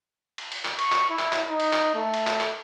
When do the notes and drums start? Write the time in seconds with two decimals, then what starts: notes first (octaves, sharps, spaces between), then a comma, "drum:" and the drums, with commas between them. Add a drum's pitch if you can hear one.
0.38 drum: cymbal
0.52 drum: cymbal
0.65 drum: clap
0.79 C#6, drum: cymbal
0.92 drum: clap
1.10 E4
1.19 drum: clap
1.33 drum: clap
1.50 D#4
1.60 drum: cymbal
1.73 drum: clap
1.95 A3
2.14 drum: cymbal
2.27 drum: clap
2.41 drum: clap